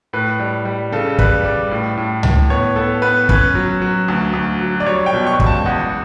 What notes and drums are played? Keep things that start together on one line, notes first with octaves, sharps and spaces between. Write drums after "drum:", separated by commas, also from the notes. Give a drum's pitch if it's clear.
A2 B4
G3
G3
C#3 A4
G3 B4, drum: kick
G3 D5
A2
A2
A2, drum: tom C#2
B3 C#5
B3 A4
B3 B4
C#4 B4, drum: kick
F#3
F#3
D2
D2
F#3
D5
G3 C#5
G5
B2
C#6
C#2, drum: kick
A5
E2 F#5